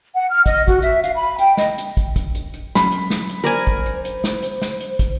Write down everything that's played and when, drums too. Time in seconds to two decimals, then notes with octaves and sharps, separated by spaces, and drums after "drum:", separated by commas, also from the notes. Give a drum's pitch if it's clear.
0.16 F#5
0.30 F6
0.46 D#5, drum: kick, hi-hat
0.68 F#4, drum: kick, hi-hat
0.82 E5, drum: hi-hat
1.04 F5, drum: hi-hat
1.16 B5
1.38 G5, drum: hi-hat
1.57 D#5, drum: snare
1.78 drum: hi-hat
1.97 drum: kick, hi-hat
2.16 drum: kick, hi-hat
2.35 drum: hi-hat
2.54 drum: hi-hat
2.75 F#3 C#4 B5, drum: snare
2.91 drum: hi-hat
3.10 drum: snare
3.29 drum: hi-hat
3.44 A#4 C5 D5 G#5
3.67 drum: kick
3.86 drum: hi-hat
4.05 drum: hi-hat
4.24 drum: snare
4.43 drum: hi-hat
4.62 drum: snare
4.80 drum: hi-hat
4.99 drum: kick, hi-hat